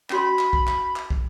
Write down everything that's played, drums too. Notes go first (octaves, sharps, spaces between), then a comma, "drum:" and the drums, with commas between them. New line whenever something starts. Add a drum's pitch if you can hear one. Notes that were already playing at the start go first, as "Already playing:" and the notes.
C#4 F#4 B5 C6, drum: clap
drum: clap
drum: kick
drum: clap
drum: clap
drum: kick